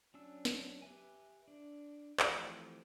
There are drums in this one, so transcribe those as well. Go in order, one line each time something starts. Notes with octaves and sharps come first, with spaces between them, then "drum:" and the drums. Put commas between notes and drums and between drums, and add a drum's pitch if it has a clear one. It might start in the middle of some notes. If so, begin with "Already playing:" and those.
F#3 C#4 D4 E6
drum: snare
G4 B4 E5 G#5
D4
E3 F3 A3 C4 G4, drum: clap